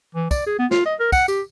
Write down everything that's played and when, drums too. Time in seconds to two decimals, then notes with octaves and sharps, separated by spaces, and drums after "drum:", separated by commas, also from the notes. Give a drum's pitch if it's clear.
0.15 E3
0.31 D5, drum: kick, tambourine
0.46 G#4
0.59 B3
0.71 F4, drum: snare
0.86 D#5
1.00 A#4
1.12 F#5, drum: kick, tambourine
1.28 G4, drum: tambourine